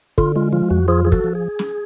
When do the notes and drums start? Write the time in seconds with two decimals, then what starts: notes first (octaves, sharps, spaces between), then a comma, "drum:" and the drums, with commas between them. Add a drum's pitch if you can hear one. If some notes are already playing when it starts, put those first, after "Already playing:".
0.18 D3 F4, drum: kick
0.36 G#3 F4
0.53 F3 F4
0.71 F2 F#4
0.88 F3 F4 G#4
1.05 F3 G#4
1.12 F#4 A4, drum: kick
1.24 F3
1.35 G#4
1.59 drum: snare